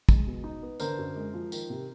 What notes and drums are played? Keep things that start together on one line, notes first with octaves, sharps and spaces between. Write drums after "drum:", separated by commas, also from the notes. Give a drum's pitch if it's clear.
G#3, drum: kick, tambourine
B2
D#4
B3
D3 A#4 C5, drum: tambourine
F#2
G#3
F3
D#3, drum: tambourine
C3